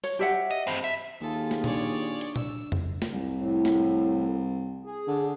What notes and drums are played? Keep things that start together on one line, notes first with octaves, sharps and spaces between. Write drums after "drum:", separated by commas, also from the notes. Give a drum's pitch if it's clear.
C#5, drum: open hi-hat
G4 E5 F#5
D#5
G2 C4
E5
D#2 F4 G#4 A4
drum: snare
D4 C#5 D5, drum: tom A#2
drum: hi-hat
E6, drum: tom A#2
drum: tom F2
drum: snare
C2
A2
drum: snare
G#4
D3